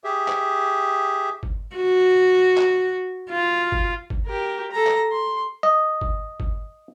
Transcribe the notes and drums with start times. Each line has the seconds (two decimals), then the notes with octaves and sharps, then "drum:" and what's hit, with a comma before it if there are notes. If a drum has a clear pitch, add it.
0.04 G4 G#4 E5
0.28 drum: clap
1.43 drum: kick G1
1.76 F#4
2.57 drum: clap
3.31 F4
3.72 drum: kick G1
4.10 drum: kick G1
4.26 G4 A#4
4.72 A4 A#5
4.87 drum: clap
5.11 C6
5.63 D#5
6.01 drum: kick G1
6.40 drum: kick G1